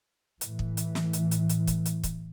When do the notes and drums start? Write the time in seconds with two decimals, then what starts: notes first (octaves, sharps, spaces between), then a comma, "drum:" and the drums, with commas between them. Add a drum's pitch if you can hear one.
0.41 A2 E3, drum: hi-hat
0.59 drum: kick
0.77 drum: hi-hat
0.95 drum: snare
1.13 drum: hi-hat
1.31 drum: hi-hat
1.49 drum: hi-hat
1.67 drum: kick, hi-hat
1.85 drum: hi-hat
2.03 drum: kick, hi-hat